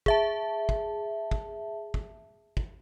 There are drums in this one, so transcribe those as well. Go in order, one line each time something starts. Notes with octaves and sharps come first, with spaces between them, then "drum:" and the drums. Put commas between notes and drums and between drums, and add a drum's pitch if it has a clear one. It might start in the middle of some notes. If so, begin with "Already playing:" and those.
G#4 E5 A5, drum: kick
drum: kick
drum: kick
drum: kick
drum: kick